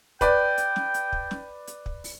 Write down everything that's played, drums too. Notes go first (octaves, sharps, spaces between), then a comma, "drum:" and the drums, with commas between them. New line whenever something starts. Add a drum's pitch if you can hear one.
B4 D5 G5, drum: kick, hi-hat
drum: hi-hat
drum: snare
drum: hi-hat
drum: kick
drum: snare
drum: hi-hat
drum: kick
drum: open hi-hat